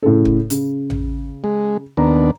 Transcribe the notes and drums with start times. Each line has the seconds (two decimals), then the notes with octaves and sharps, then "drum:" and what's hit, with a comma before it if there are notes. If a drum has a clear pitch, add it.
0.02 A2 C#3 A4
0.25 drum: kick
0.50 C#3, drum: hi-hat
0.90 drum: tom A1
1.44 G#3
1.97 D#2 B3 D4 A#5